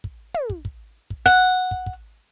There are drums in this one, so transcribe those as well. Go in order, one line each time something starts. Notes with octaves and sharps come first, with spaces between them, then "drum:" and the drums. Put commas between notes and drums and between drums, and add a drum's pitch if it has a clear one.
drum: kick
drum: tom
drum: kick
drum: kick
drum: kick
F#5, drum: kick
drum: kick
drum: kick